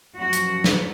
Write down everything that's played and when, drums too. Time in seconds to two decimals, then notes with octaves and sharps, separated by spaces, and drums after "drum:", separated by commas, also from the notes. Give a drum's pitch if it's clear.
0.17 F#2 F3 F#4
0.33 drum: hi-hat
0.64 drum: snare